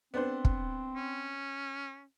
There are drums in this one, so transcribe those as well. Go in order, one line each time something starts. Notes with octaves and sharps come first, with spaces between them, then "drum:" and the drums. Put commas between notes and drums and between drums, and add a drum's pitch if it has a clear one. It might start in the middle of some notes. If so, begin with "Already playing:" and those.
B3 C4 D4 C5
drum: kick
C#4